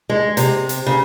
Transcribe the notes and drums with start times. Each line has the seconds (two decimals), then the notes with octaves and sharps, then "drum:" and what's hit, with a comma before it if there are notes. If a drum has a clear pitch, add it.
0.10 G#3
0.37 C3, drum: hi-hat
0.69 drum: hi-hat
0.86 C#3